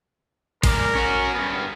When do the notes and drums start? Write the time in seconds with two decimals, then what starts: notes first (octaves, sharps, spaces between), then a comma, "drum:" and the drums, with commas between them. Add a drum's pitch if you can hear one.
0.63 G#3 A#4 D5, drum: kick A1, cymbal
0.95 C#4 F#4
1.35 G2 B3